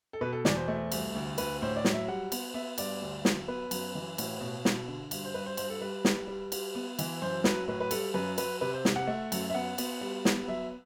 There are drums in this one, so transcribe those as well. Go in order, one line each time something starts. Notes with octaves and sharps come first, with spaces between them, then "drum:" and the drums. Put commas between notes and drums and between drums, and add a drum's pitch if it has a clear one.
A4
B2 B4
A4
E2 D5, drum: snare
C5
A3
C2, drum: cymbal
D2
D2 B4, drum: cymbal
A2 C5
D5
F#3, drum: snare
E5
G3 F#5
B3, drum: cymbal
B3 E5
G2 D5, drum: cymbal
D2
F#3, drum: snare
B3 B4
F#2, drum: cymbal
E3
A2, drum: cymbal
B2
B2, drum: snare
D3
G2, drum: cymbal
C5
G2 B4
C5
G2 C5, drum: cymbal
A4
G3 B4
G3, drum: snare
G3
G3, drum: cymbal
B3
E3, drum: cymbal
F#2 C5
F#3 B4, drum: snare
A2 B4
B4
G3 A4, drum: cymbal
F#2 B4
F#3 B4, drum: cymbal
C3 B4
C5
C3, drum: snare
F#5
A3
F#2, drum: cymbal
E5
B3 F#5
B3, drum: cymbal
G3
B3, drum: snare
F#3 E5